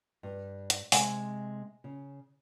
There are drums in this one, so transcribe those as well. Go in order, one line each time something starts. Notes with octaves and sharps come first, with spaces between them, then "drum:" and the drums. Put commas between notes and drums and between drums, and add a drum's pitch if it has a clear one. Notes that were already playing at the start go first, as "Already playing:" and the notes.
G2
drum: hi-hat
C3 G#3 C4 G#5, drum: open hi-hat
C#3